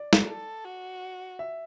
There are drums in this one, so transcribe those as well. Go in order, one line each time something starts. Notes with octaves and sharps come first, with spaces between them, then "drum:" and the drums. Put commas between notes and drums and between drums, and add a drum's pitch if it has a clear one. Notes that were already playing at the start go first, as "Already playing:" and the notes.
Already playing: D5
drum: snare
A4
F#4
E5